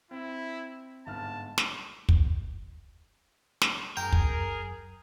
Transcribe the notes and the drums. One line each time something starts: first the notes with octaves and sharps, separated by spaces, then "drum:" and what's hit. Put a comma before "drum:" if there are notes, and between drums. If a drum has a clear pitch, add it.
C4 E4
G1 G#2 A5 F6
drum: snare
drum: kick
drum: snare
F#2 G#4 A#4 G5
drum: kick